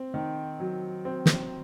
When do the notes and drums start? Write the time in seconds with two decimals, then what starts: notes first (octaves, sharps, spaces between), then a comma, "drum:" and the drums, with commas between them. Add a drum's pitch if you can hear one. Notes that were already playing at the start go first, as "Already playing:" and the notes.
Already playing: C4
0.14 D#3
0.60 F#3
1.05 C4
1.26 drum: snare